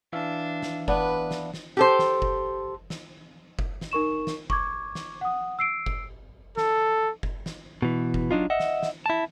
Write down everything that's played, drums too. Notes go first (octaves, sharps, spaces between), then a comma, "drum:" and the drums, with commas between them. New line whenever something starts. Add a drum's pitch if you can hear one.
E3 D4 E5 F5
drum: snare
B3 D4 B4, drum: kick F#1
drum: snare
drum: snare
G4 A4 C5
drum: snare
drum: kick F#1
drum: snare
drum: kick F#1
drum: snare
D#4 A#4 C#6 E7
drum: snare
C#6 D6 G#6, drum: kick F#1
drum: snare
F#5 D#6
E6 C7 D7
drum: kick F#1
A4, drum: snare
drum: kick F#1
drum: snare
B2 E3
drum: kick F#1
F#3 D4 D#4 F4
D#5 E5 F#5
drum: snare
drum: snare
E4 A5